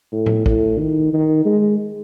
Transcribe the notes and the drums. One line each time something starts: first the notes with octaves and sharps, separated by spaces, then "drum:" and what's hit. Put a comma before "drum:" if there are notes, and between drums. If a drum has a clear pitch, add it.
A2
drum: tom A2
A2, drum: kick
D#3
D#3
G#3